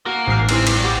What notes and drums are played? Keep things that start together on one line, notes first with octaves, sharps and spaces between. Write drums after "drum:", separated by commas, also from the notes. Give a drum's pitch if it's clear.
A#3 F#4
A1 G#2 F6 C7
C3 E3 C4, drum: cymbal
G2, drum: cymbal
B3 F#4 G4 D6